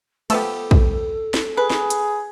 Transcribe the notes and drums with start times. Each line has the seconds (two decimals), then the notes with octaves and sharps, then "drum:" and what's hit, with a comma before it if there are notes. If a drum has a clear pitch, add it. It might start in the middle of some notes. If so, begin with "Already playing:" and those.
0.30 F3 A3 B3 G4 A4 E6, drum: cymbal
0.71 drum: kick
1.34 drum: snare
1.57 G#4 B4
1.70 drum: snare
1.90 drum: hi-hat